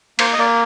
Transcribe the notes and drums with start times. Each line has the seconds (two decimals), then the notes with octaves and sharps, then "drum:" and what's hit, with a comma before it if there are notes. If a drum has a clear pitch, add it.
0.19 A#3 C5, drum: cymbal
0.33 D#5
0.38 A#3 D5